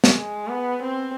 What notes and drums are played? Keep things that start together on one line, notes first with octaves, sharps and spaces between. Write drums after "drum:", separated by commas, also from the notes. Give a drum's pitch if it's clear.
drum: snare
G#3
B3
C4